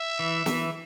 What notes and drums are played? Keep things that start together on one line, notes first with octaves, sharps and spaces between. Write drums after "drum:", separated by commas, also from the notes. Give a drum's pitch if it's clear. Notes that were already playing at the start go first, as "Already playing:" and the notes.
Already playing: E5
E3
E3, drum: snare